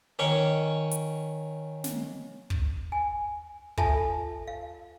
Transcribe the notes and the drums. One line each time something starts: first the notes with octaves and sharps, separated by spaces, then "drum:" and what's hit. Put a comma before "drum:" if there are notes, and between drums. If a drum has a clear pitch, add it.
D#3 C#4 C#6
drum: hi-hat
drum: snare
drum: kick
G#5
F4 A4 E5 G#5 A5, drum: kick
F5